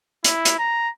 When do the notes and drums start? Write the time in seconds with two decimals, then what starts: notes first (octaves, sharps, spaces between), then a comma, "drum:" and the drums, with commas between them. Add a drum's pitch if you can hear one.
0.24 E4, drum: hi-hat
0.45 drum: hi-hat
0.59 A#5